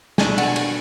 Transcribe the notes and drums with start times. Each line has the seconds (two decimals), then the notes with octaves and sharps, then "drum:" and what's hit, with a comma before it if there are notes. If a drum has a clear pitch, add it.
0.18 B2 A3 D4 G#5, drum: snare
0.38 F#5, drum: cymbal
0.43 G#5
0.56 drum: cymbal